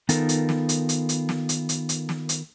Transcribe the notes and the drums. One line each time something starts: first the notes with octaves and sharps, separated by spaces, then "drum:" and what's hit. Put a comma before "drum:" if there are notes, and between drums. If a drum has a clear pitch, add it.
D#3 B3 D#4 F4 A4 A#4, drum: hi-hat
drum: hi-hat
drum: snare
drum: hi-hat
drum: hi-hat
drum: hi-hat
drum: snare
drum: hi-hat
drum: hi-hat
drum: hi-hat
drum: snare
drum: hi-hat